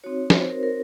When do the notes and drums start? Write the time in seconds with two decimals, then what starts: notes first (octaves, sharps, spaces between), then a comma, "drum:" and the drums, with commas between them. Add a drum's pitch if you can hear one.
0.04 C4 D#4 F#4 C#5
0.30 drum: snare
0.39 C5
0.50 A#4
0.63 A#4